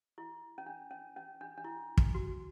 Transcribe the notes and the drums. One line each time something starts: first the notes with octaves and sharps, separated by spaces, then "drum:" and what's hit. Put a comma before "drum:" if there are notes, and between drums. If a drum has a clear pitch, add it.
E4
C#4
D4
C#4
C#4
D4
D4
E4
drum: kick
F#4